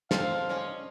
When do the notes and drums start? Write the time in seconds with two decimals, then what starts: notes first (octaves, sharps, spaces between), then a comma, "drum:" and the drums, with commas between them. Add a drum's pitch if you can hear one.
0.11 C4 A4 F5, drum: snare
0.49 C#4 D5 D#5 G#5